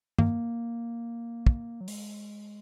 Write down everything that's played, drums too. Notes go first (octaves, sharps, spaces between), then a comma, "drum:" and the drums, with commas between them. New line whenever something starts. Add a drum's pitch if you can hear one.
A#3, drum: tom G2
drum: kick
F#3
G#3, drum: open hi-hat